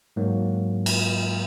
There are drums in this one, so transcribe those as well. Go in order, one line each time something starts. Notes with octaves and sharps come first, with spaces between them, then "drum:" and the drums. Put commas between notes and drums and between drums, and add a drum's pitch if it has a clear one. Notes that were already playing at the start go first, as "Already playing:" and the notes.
G#2 F#3 A#3
drum: cymbal